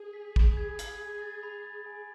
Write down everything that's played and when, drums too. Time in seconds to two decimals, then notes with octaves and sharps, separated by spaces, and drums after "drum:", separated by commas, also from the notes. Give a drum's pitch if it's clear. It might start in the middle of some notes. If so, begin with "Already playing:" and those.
Already playing: G#4
0.13 B6
0.36 B5, drum: kick
0.57 G#6
0.79 G#6, drum: hi-hat
1.00 G#6
1.21 A6
1.43 B5
1.64 A6
1.86 G#5